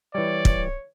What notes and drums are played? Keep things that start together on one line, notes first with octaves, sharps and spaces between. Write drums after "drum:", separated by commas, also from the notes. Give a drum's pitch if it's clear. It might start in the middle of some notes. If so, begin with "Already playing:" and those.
E3 G3 C#5 D5
drum: kick